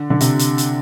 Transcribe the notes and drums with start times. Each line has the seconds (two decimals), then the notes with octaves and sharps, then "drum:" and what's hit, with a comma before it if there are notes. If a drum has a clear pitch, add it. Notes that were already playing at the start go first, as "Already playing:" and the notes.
Already playing: D3
0.10 D3
0.21 C3, drum: hi-hat
0.39 drum: hi-hat
0.58 drum: hi-hat